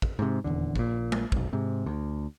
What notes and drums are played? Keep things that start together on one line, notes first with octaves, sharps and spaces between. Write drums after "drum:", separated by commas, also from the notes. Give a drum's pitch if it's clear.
drum: kick
G#2 C3
D#1 G#1 E2 D3
A#1 A#2, drum: kick
drum: tom
F1 B1, drum: kick
G#2 C3
D2